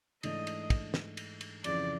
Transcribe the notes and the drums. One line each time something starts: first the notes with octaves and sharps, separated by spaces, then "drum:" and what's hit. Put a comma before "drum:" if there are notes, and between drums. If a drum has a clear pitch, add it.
G#2 E3 A3 D4 D#5, drum: cymbal
drum: cymbal
drum: kick, cymbal
drum: snare
drum: cymbal
drum: cymbal
F2 C#3 E3 D5, drum: cymbal